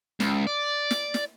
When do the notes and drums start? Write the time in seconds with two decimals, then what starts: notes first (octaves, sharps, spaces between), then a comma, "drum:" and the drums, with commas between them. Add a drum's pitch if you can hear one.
0.20 C#2, drum: snare
0.47 D5
0.91 drum: snare
1.14 drum: snare